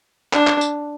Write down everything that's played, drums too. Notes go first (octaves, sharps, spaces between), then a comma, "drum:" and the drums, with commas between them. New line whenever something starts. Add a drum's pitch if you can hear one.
D4, drum: clap
drum: clap
drum: tambourine